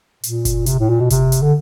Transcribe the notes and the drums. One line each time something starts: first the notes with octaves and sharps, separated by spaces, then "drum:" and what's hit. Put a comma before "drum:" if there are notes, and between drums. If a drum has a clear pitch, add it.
A#2, drum: hi-hat
drum: kick F#1, hi-hat
C3, drum: hi-hat
A2
A#2
B2
C3, drum: kick F#1, hi-hat
drum: hi-hat
D3